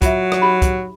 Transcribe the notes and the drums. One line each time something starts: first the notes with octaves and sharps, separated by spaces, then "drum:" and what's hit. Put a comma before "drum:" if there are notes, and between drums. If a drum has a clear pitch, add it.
F#3 F4 E5, drum: kick, hi-hat
drum: rim click
D#4 G4 B5
drum: kick, hi-hat